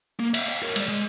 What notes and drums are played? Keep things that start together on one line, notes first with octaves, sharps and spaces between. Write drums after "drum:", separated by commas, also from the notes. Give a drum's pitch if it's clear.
A#3
E5 F5, drum: cymbal
D#5 F5
A#4 C#5
G#3 D5, drum: cymbal
G#3